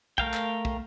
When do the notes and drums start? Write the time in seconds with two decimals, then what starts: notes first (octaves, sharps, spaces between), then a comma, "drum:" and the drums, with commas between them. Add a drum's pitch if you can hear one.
0.18 A3 A#4 F5 G5, drum: kick
0.34 drum: clap
0.65 drum: kick